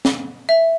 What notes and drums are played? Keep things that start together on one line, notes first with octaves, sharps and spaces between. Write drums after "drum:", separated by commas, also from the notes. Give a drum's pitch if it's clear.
drum: snare
E5